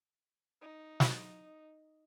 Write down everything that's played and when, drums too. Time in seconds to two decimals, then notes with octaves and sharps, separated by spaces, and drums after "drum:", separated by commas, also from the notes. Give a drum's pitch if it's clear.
0.61 D#4
1.00 F#4 B5, drum: snare